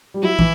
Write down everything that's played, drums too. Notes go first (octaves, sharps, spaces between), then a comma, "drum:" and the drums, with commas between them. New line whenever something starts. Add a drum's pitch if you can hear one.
G3
F#3 E4
E3, drum: kick